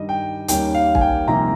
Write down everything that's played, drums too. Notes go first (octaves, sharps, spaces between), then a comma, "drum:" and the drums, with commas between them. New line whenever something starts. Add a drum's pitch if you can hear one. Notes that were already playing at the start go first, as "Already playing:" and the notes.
Already playing: G2 D#3 G3 D#5
G5
D#2 D#3 G3 A#3 C#4 G5, drum: hi-hat
F5
G#5, drum: kick
G5
C2 C3 F3 A#3 D#4 A#5